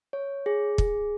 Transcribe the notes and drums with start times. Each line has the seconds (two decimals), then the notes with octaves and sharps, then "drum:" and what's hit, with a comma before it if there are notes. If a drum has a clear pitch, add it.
0.13 C#5
0.46 G#4
0.78 G#4, drum: kick